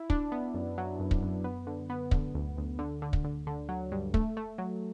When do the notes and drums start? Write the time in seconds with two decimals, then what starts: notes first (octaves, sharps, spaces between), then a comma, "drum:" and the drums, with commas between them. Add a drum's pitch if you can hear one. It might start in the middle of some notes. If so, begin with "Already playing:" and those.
Already playing: E4
0.10 D4, drum: kick
0.32 B3
0.54 F#2
0.78 F#3
1.00 F#2
1.11 drum: kick
1.23 F#2
1.44 B3
1.67 D3
1.90 B3
2.11 D3, drum: kick
2.35 D2
2.57 D2
2.79 D3
3.02 D3
3.13 drum: kick
3.24 D3
3.47 D3
3.69 F#3
3.92 G2
4.14 A3, drum: kick
4.37 A3
4.58 F#3